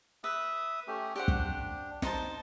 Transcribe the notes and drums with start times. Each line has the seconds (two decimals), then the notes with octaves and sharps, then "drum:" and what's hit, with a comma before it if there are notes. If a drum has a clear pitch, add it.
0.24 B4 E5 D#6
0.88 A3 C#4 G4
1.16 D4 G4 C5 F#5
1.28 drum: kick
2.02 D#4 C5 A5, drum: snare